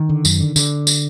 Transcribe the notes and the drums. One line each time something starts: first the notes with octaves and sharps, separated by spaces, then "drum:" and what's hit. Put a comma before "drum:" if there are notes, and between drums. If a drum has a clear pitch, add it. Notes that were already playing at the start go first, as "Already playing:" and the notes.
Already playing: D#3
D3
F#2, drum: tambourine
D3
D3, drum: tambourine
drum: tambourine